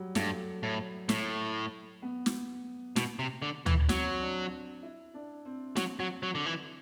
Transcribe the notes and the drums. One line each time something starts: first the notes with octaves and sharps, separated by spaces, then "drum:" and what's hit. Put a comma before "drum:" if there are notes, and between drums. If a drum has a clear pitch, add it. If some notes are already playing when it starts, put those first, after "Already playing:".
Already playing: F#3 G3
G2 A3, drum: snare
A2
A2, drum: snare
B3
drum: snare
B2, drum: snare
C3
D3
E3, drum: tom D2
F#3 C4, drum: snare
D4
E4
D4
C4
F#3, drum: snare
F#3
F#3
D3
E3